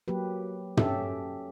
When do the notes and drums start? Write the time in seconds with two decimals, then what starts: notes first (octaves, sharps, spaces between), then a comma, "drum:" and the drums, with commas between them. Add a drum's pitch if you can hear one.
0.08 F#3 A#3 G4 B4
0.77 C#4 G4 A4 E5, drum: tom